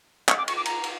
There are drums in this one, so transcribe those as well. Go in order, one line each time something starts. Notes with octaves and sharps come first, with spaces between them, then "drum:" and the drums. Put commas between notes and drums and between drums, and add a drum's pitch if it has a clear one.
C#6, drum: clap
D6
C#6, drum: cymbal
D6
A#5, drum: cymbal
drum: cymbal